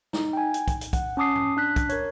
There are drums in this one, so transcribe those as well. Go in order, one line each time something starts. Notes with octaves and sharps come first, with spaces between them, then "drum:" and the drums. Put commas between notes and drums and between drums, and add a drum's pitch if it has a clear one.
D#4, drum: snare
G5 G#5
drum: hi-hat
drum: kick, hi-hat
drum: hi-hat
F#5, drum: kick, hi-hat
C#4 A5 D6 D#6 C7
drum: tom G#2
D4 F#6 B6
drum: kick, hi-hat
A#4 C#5, drum: hi-hat